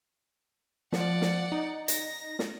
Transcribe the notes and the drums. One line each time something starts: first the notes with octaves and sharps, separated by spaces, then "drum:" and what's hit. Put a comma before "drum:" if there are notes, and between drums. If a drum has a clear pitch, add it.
F3 D5 F#5, drum: snare
drum: snare
D#4
A#6, drum: hi-hat
drum: snare